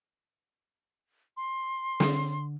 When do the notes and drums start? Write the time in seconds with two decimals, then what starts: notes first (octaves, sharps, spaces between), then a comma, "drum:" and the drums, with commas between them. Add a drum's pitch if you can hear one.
1.37 C6
2.00 D3, drum: snare